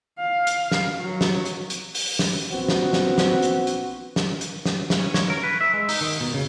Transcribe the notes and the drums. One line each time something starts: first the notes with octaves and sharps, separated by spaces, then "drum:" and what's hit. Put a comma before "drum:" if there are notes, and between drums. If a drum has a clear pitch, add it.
F5
drum: hi-hat
drum: snare
F#3
drum: snare
drum: hi-hat
drum: hi-hat
drum: open hi-hat
drum: snare
A#1 B3 C4 F#4
drum: snare
drum: snare
drum: snare
drum: hi-hat
drum: hi-hat
drum: snare
drum: hi-hat
drum: snare
drum: snare
C#4
C#5, drum: snare
A#4
B4
E5
G#3
D#4, drum: open hi-hat
D#3
B2
C#3